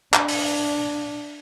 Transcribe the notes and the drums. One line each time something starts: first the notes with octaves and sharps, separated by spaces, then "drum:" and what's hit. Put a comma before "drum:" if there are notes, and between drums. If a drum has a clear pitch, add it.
D4, drum: clap
drum: open hi-hat